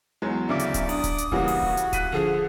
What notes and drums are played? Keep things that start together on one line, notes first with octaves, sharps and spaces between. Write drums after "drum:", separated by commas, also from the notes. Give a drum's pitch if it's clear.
E2 F#3 G#3
D2 C#3 D5 E5 D6
drum: hi-hat
drum: kick D1, hi-hat
D4 D#6, drum: open hi-hat
drum: kick D1, hi-hat
drum: hi-hat
C#3 E3 G3 A#3 C#4 F#4, drum: kick D1
drum: open hi-hat
drum: kick D1
drum: hi-hat
F#6 B6 D#7, drum: kick D1, hi-hat
D3 F3 G#4